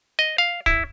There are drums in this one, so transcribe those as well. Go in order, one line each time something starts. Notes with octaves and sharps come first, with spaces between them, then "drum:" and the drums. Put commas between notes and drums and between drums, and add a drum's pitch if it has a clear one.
D#5
F5
E4, drum: kick